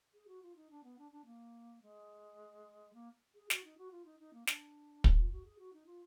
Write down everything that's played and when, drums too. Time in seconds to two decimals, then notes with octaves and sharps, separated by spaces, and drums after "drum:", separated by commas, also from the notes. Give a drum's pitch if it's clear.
0.14 G#4
0.27 F#4
0.42 F4
0.56 D#4
0.71 D4
0.84 B3
0.99 D4
1.12 D4
1.25 A#3
1.82 G#3
2.94 A#3
3.35 G#4
3.50 F#4, drum: snare
3.64 D#4
3.78 F#4
3.91 F4
4.05 D#4
4.20 D#4
4.34 A#3
4.47 D4, drum: snare
5.04 drum: kick
5.17 F4
5.32 F#4
5.45 G#4
5.59 F#4
5.73 D#4
5.86 F4